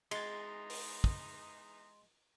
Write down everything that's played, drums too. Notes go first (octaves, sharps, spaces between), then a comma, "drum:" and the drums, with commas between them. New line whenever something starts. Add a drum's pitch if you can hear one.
E2 G#3 D#4 C6 A6, drum: cymbal
drum: open hi-hat
drum: kick